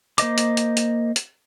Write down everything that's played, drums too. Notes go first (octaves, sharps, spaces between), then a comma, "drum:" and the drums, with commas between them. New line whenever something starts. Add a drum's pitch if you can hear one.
A#3 C5 D#5 D6, drum: hi-hat
drum: hi-hat
drum: hi-hat
drum: hi-hat
drum: hi-hat